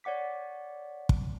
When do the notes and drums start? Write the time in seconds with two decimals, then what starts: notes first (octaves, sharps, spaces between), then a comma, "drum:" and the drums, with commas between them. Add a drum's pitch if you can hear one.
0.04 C#5 D5 F#5 D6 B6
1.09 drum: kick